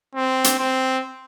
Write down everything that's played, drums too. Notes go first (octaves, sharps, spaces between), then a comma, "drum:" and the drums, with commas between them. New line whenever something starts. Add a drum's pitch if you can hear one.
C4
drum: hi-hat
C4